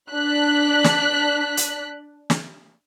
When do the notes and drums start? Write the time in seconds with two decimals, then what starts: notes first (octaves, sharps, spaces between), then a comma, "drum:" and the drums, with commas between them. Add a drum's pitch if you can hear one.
0.12 D4 F#6 B6
0.85 drum: snare
1.57 drum: hi-hat
2.30 drum: snare